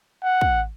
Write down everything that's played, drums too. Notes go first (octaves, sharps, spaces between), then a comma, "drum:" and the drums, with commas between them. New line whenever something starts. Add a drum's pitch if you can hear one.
F#5
drum: kick